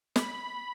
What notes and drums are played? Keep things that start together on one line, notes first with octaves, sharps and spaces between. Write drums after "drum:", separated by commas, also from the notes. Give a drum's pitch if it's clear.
B5, drum: snare